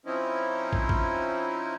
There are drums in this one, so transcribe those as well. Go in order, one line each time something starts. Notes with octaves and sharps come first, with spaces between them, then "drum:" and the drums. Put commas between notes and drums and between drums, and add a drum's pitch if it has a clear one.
F3 C4 C#4 D#4 E4
drum: kick
drum: kick